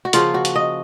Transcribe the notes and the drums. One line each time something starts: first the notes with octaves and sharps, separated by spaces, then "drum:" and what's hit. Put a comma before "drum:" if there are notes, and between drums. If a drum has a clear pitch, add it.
F#4
C#3 F3 A#3 F4, drum: hi-hat
F#4
drum: hi-hat
D#5